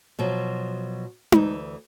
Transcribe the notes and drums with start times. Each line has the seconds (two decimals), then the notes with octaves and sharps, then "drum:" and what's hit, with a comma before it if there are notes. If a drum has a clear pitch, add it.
0.19 B2 F3 F#3
1.32 D2 E3, drum: tom D#4